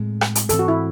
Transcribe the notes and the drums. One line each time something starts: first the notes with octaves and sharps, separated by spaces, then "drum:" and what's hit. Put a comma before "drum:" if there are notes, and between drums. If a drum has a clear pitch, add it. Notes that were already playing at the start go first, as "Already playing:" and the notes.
Already playing: A2 G#3 C4
drum: rim click
drum: hi-hat
G#2 E3 C4 A4, drum: hi-hat
F#4
E4